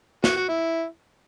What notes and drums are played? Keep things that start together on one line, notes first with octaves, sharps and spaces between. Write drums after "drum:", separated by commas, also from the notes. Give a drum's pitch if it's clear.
F#4, drum: snare
F#4
E4